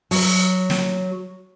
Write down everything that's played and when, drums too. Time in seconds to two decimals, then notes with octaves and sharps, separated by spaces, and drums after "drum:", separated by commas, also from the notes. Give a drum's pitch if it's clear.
0.11 F#3, drum: open hi-hat
0.70 drum: snare